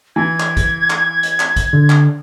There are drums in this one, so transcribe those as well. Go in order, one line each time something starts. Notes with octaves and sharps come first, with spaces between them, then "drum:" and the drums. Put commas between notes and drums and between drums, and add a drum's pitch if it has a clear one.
E3 G#6
drum: clap
drum: kick, hi-hat
drum: clap
drum: hi-hat
drum: clap
drum: kick, hi-hat
D3
drum: clap